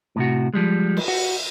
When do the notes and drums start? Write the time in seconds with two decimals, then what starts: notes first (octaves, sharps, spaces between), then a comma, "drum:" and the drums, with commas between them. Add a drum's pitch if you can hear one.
0.16 A2 C3 F#4
0.54 F3 G3 G#3
0.97 drum: cymbal
1.08 F#4